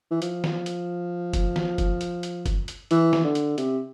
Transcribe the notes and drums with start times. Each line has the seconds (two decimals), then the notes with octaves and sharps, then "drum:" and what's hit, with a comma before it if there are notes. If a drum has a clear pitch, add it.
0.11 E3
0.22 F3, drum: hi-hat
0.44 drum: snare
0.66 drum: hi-hat
1.33 drum: kick, hi-hat
1.56 drum: snare
1.78 drum: kick, hi-hat
2.01 drum: hi-hat
2.23 drum: hi-hat
2.46 drum: kick, hi-hat
2.68 drum: hi-hat
2.91 E3, drum: hi-hat
3.13 drum: snare
3.24 D3
3.35 drum: hi-hat
3.58 C3, drum: hi-hat